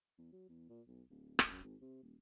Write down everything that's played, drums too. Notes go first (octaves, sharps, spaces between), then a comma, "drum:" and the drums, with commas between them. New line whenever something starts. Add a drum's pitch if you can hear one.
E2
F#3
E2
A#2
B1
D1
A1, drum: rim click
F#2
G#1
C3
D#1